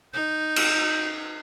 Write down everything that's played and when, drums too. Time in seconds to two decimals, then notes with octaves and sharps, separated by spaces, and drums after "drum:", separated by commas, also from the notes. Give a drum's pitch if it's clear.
0.14 D#4 G6
0.56 drum: cymbal